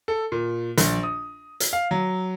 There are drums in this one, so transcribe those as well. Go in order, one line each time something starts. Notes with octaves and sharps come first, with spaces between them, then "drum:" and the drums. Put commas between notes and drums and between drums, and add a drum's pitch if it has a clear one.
A4
A#2
A#1, drum: hi-hat
D#6
drum: hi-hat
F5
F#3